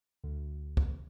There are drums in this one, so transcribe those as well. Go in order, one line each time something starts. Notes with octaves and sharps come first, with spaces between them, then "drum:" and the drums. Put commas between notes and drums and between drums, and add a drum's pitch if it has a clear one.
D2
drum: kick